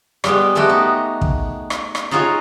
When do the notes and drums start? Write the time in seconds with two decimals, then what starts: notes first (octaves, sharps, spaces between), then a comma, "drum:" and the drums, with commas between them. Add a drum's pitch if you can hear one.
0.24 G3 G#3 B3, drum: rim click
0.55 G#3 A3 B3 F#4 G4
0.69 D#4
1.21 drum: kick
1.70 drum: rim click
1.95 drum: rim click
2.11 D#4 F4 F#4 G#4 C#5